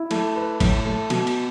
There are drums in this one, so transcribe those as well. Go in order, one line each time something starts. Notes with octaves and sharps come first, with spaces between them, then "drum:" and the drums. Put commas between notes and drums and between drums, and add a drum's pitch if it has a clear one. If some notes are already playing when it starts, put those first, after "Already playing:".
Already playing: E4
A3, drum: cymbal
B4
A2, drum: kick, cymbal
A3
B2, drum: cymbal
drum: cymbal